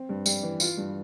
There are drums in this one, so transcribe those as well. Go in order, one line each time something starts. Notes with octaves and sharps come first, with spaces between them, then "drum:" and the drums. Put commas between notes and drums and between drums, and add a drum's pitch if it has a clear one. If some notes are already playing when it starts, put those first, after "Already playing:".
Already playing: C4
G2
G3, drum: tambourine
E3
F4, drum: tambourine
G2